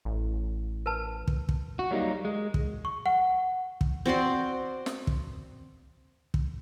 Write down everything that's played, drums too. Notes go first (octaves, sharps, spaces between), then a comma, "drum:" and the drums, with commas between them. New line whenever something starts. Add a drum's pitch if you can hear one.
A1
A#4 B4 A5
drum: kick
drum: kick
F#4
F#3 G3 A#3 D#4
G#3
drum: kick
C#6
F#5
drum: kick
C4 F#4 D5 C6
drum: snare
drum: kick
drum: kick